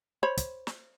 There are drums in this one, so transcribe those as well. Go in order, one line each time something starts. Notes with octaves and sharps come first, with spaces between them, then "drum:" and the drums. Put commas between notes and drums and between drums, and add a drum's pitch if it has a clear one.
C5 C#5 B5
drum: kick, hi-hat
drum: snare